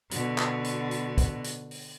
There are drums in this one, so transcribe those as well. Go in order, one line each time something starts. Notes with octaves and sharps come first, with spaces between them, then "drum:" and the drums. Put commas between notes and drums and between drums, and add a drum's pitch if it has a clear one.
B2 D3, drum: hi-hat
drum: clap
drum: hi-hat
drum: hi-hat
drum: kick, hi-hat
drum: hi-hat
drum: open hi-hat